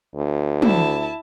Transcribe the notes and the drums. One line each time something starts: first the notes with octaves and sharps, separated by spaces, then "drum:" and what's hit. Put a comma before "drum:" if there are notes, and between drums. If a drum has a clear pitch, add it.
D2
E4 A5, drum: tom